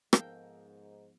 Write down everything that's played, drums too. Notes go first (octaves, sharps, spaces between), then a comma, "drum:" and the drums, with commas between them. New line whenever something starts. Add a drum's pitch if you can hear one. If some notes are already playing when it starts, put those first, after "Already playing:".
G#2 F3 B3 A4 A#4 F5 G5, drum: rim click